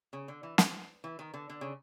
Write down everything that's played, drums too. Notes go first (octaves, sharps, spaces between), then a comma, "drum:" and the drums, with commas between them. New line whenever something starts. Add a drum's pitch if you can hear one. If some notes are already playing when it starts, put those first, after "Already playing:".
C#3
D3
E3
F3, drum: snare
E3
D#3
D3
D3
C#3